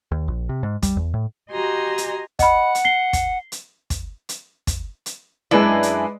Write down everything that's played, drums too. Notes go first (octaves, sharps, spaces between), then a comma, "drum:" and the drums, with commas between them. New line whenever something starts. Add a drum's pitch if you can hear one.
D#2
A#1
C3
G#2
G3, drum: kick, hi-hat
E2
A2
F#4 G4 D#5 G#5 A#5 C6
drum: hi-hat
D#5 F#5 B5, drum: kick, hi-hat
drum: hi-hat
C7 G7
drum: kick, hi-hat
drum: hi-hat
drum: kick, hi-hat
drum: hi-hat
drum: kick, hi-hat
drum: hi-hat
F#2 G#3 D4 E4 B4 D5
drum: hi-hat